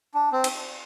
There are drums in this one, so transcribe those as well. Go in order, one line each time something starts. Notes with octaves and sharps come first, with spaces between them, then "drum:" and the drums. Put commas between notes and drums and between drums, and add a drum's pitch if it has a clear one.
D4
C4
drum: cymbal